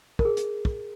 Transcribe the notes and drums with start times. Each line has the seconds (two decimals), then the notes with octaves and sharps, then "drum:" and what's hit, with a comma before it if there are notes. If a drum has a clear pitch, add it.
0.19 A#4, drum: kick
0.25 G#4
0.37 drum: hi-hat
0.65 drum: kick